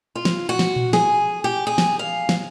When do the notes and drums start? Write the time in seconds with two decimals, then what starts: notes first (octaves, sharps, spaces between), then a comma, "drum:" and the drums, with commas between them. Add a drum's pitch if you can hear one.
0.15 F4
0.25 drum: snare
0.49 F#4
0.59 drum: snare
0.76 drum: tom A#2
0.93 G#4, drum: snare
1.44 G4
1.67 G#4
1.78 drum: snare
1.99 F5
2.29 drum: snare